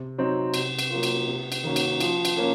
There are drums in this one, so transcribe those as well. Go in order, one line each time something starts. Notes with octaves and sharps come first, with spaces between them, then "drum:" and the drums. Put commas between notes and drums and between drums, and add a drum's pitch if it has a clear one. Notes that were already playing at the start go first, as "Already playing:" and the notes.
Already playing: C3
F#3 C4 D#4
C3, drum: cymbal
drum: cymbal
F#3 A#3 F4
drum: cymbal
C3
drum: cymbal
D#3 A#3 C#4 F#4
drum: cymbal
F3, drum: cymbal
drum: cymbal
A#3 C#4